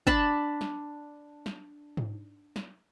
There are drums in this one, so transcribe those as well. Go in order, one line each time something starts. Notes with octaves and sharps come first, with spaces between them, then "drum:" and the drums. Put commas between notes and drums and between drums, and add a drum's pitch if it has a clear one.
D4 A5 B5, drum: kick
drum: snare
drum: snare
drum: tom G#2
drum: snare